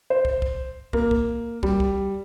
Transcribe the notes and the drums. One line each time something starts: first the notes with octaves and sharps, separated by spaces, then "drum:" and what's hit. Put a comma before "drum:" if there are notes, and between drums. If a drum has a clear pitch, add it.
C5
drum: kick
drum: kick
A#3, drum: kick
drum: kick
G3, drum: kick
drum: kick